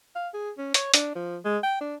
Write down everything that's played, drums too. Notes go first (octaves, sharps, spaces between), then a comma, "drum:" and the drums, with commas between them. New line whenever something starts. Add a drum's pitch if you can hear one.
F5
G#4
C#4
C#5, drum: hi-hat
D4, drum: hi-hat
F3
G#3
G5
D4